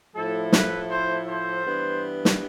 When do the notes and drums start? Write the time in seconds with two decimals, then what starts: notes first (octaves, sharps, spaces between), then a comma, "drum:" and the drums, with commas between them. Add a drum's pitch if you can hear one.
0.15 A2 F3 A3 E4 A4
0.52 B4, drum: snare
0.90 C5
1.27 C5
1.65 G2 E3 B3
2.25 drum: snare